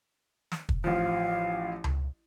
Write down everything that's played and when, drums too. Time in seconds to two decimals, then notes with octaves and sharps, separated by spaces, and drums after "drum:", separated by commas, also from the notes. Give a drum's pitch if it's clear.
0.52 drum: snare
0.69 drum: kick
0.84 A1 F3 F5
1.84 drum: tom C#2